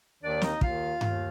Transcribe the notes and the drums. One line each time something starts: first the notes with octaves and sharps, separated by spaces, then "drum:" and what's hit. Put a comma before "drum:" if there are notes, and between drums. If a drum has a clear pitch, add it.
D#2 D#3 D4 D5
D#4 D#5, drum: snare
D#2 D#3 F4 F5, drum: kick
D#2 D#3, drum: tom G2